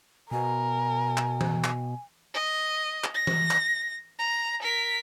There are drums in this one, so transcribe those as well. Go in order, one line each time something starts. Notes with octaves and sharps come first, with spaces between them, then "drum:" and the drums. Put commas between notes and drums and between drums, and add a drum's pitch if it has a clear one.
B2 A#4 G#5
drum: clap
drum: tom E3
drum: clap
D#5
drum: clap
A#6
drum: tom E3
drum: clap
A#5
A#4 B6